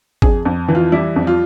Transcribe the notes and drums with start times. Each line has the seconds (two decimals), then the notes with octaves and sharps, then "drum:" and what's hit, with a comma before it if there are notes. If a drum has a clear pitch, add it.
0.22 F2 G#4, drum: kick G#1
0.45 F2
0.68 E3
0.75 F4
0.92 G3 E4
1.16 F2
1.27 F4